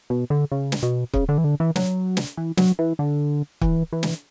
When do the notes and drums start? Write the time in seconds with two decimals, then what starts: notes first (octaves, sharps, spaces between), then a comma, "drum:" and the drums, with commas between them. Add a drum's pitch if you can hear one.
0.10 B2
0.30 D3
0.52 C#3
0.72 drum: snare
0.83 B2
1.14 C#3, drum: kick
1.29 D3
1.38 E3
1.44 D3
1.60 E3
1.76 F#3, drum: snare
2.17 drum: snare
2.37 E3
2.57 F#3, drum: snare
2.79 E3
2.99 D3
3.61 E3, drum: kick
3.93 E3
4.03 drum: snare